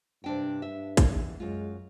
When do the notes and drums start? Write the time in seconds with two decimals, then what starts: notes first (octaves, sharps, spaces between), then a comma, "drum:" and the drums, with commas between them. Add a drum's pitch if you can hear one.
0.24 G2 C3 D4 G5
0.62 E5
0.97 E2 E3, drum: kick, hi-hat
1.40 F#2 G#3 F4